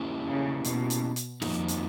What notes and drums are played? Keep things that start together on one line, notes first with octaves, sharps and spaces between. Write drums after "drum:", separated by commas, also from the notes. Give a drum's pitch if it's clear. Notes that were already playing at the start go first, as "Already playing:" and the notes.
Already playing: A#3 C#4 E4 G4 C5
C#3
B2, drum: hi-hat
drum: hi-hat
drum: hi-hat
F2 F3 A#3 D#4, drum: snare
drum: hi-hat